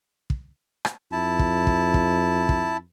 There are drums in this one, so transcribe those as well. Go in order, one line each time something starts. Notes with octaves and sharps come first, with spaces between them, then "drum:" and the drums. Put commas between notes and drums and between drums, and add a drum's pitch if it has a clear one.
drum: kick
drum: rim click
F2 E4 A5
drum: kick
drum: kick
drum: kick
drum: kick